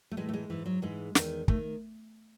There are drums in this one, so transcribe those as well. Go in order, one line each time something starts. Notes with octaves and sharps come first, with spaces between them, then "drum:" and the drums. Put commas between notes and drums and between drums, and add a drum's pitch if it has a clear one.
A3
A2 E3 G#3
A3
G#3
G#2 E3
F#3
G#2 E3 G#3
E2 D#3, drum: snare
D#3 A3, drum: kick